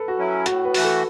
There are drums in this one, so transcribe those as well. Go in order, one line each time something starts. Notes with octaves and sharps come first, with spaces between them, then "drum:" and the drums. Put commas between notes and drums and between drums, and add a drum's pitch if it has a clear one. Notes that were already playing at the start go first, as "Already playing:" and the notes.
Already playing: A4 B4
F#4
F#3 C#4 E4
A2 F#4, drum: hi-hat
B4
E3 A3 F#4, drum: open hi-hat
A4